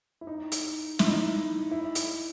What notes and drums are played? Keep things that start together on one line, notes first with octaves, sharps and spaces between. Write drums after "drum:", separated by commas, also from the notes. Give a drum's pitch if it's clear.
E4
D#4
drum: hi-hat
E4, drum: snare
D#4
E4
E4
drum: hi-hat